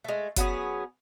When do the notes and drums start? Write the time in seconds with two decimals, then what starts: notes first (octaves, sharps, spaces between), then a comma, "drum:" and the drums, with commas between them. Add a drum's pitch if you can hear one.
0.04 G#3 A3
0.37 F#3 B3 C#4 G#4, drum: kick, hi-hat